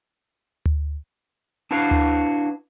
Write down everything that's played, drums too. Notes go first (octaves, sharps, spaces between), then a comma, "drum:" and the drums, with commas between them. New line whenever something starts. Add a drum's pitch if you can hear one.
drum: tom D2
D4 E4 F#4 B4 F5
drum: tom D2